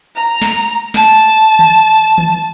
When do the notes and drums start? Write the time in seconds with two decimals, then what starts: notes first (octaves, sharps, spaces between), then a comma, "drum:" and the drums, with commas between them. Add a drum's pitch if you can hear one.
0.16 A#5
0.42 drum: snare
0.94 A5, drum: snare
1.59 drum: tom D#3
2.18 drum: tom D#3